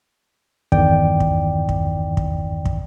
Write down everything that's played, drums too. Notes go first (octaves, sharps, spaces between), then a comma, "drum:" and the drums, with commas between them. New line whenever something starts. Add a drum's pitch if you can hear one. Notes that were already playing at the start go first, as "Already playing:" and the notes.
E2 G2 D#3 D5 G5, drum: kick
drum: kick
drum: kick
drum: kick
drum: kick